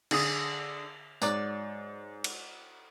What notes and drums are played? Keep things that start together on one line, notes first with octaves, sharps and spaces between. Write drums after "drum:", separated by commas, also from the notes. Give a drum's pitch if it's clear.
D3 G#4 D#6, drum: cymbal
G#2 F#3 D5, drum: tambourine
drum: cymbal